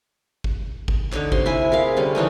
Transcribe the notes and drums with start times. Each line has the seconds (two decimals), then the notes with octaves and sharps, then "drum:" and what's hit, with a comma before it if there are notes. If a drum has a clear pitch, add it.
0.44 drum: kick G1
0.88 drum: kick G1
1.12 D3 D#4 C#5, drum: clap
1.32 C3 C6, drum: kick G1
1.46 E4 E5 G#5
1.72 G#4 A#4 F5
1.97 D3 G3 C#4
2.15 C#3 E3 D4 D#4